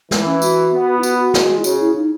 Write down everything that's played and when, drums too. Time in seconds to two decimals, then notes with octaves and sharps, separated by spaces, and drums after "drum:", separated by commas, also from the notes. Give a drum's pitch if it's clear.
0.11 E3 G#3, drum: snare
0.26 C#4
0.42 F#4, drum: tambourine
0.72 B3
0.99 E4
1.03 F#4, drum: tambourine
1.18 F#4
1.34 G#3, drum: snare
1.59 E4
1.64 C#3 F#4, drum: tambourine
1.80 E4
1.96 D#4